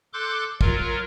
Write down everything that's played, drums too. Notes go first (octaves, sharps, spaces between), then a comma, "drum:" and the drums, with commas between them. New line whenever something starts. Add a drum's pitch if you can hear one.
A4 C6 D6 F#6 G6
F#3 F4 A#4, drum: kick